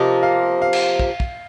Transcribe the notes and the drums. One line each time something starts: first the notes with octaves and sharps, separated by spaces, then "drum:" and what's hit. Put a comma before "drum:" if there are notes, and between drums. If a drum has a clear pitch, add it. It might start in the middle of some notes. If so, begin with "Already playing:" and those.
Already playing: C3 F3 A#3 D#5
F5
F5
drum: cymbal
drum: kick
drum: kick